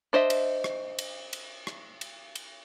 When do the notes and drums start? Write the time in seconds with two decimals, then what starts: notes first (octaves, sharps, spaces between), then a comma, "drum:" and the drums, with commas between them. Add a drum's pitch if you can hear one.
0.13 D4 C5 D#5 E5
0.30 drum: cymbal
0.64 drum: rim click
0.99 drum: cymbal
1.33 drum: cymbal
1.67 drum: rim click
2.01 drum: cymbal
2.35 drum: cymbal